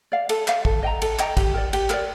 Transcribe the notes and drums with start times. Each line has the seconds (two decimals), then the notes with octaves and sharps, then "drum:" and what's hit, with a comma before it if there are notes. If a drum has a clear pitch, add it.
0.12 D5 F5
0.29 A4, drum: cymbal
0.48 D5 F5, drum: clap
0.65 A4, drum: kick
0.83 D#5 G5 A#5
1.02 A4, drum: cymbal
1.19 D#5 G5 A#5, drum: clap
1.37 G4, drum: kick, cymbal
1.54 A#4 D5
1.73 G4, drum: cymbal
1.90 A#4 D5, drum: clap